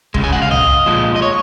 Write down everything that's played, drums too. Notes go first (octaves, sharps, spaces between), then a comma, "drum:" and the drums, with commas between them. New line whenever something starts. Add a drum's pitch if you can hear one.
C#3 G#3, drum: kick
G#5
F#5
F5
D#5, drum: tom
A#2 F3 G#3
D#5
C#5